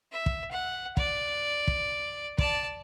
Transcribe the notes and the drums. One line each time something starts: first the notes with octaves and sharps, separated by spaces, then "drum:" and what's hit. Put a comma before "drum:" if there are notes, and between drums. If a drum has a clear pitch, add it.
E5
drum: kick
F#5
D5, drum: kick
drum: kick
D5 A5, drum: kick